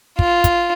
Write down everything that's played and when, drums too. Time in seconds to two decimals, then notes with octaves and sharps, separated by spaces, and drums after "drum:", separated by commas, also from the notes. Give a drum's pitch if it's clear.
0.19 F4, drum: kick
0.44 drum: kick, hi-hat